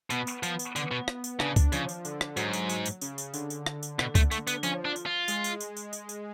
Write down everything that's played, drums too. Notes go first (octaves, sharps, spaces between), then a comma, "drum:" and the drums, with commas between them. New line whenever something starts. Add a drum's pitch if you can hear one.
B2 B3, drum: tambourine
drum: tambourine
F3, drum: tambourine
drum: tambourine
D3, drum: tambourine
B2
drum: rim click
drum: tambourine
C#3 D4, drum: rim click
drum: kick, tambourine
C#3 F3, drum: tambourine
drum: tambourine
D3, drum: tambourine
drum: rim click
G#2 F#3, drum: tambourine
drum: tambourine
drum: tambourine
drum: tambourine
C#3, drum: tambourine
drum: tambourine
D3, drum: tambourine
drum: tambourine
drum: rim click
drum: tambourine
B2, drum: rim click
A3, drum: kick, tambourine
A3, drum: tambourine
B3, drum: tambourine
F3 C#4, drum: tambourine
D4
drum: tambourine
F4
G#3, drum: tambourine
drum: tambourine
drum: tambourine
drum: tambourine
drum: tambourine
drum: tambourine